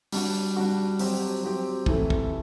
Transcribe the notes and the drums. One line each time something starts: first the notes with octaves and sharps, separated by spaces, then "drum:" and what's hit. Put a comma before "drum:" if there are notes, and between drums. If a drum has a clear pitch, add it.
G3 D4 F#4, drum: open hi-hat
G3 D4 F#4
F#3 C4 G4, drum: open hi-hat
F#3 C4 G4
C3 E3 A3 E4 A4, drum: kick
drum: kick